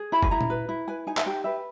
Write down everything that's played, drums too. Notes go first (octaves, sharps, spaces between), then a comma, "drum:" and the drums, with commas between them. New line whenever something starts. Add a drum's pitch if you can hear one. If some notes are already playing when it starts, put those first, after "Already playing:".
Already playing: G#4
E4 B5
G#5, drum: kick F#1
E4 A#5
drum: tom A#2
B4
E4
B4 G#5
D#4 G#5
E5, drum: clap
G4 G5
B4 E5